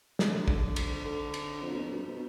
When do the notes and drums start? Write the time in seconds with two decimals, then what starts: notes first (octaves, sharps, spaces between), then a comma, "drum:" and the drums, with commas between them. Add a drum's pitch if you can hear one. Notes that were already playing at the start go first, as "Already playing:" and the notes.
0.19 D3, drum: snare
0.33 D3
0.48 drum: kick
0.76 drum: cymbal
1.05 D3
1.34 drum: cymbal
1.62 F2
1.72 B2
1.81 F2
1.91 G2
2.05 B2